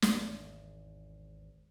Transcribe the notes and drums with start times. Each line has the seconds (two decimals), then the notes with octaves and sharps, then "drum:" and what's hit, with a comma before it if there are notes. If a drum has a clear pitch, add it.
0.02 G#1 E2, drum: snare